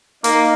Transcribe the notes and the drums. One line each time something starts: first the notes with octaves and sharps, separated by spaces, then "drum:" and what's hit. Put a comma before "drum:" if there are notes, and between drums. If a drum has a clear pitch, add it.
A#3 D#4, drum: hi-hat